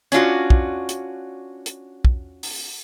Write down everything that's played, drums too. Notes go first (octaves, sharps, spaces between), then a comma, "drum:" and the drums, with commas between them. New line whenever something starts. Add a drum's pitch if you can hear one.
C#4 D4 F4 F#4, drum: hi-hat
drum: kick
drum: hi-hat
drum: hi-hat
drum: kick
drum: open hi-hat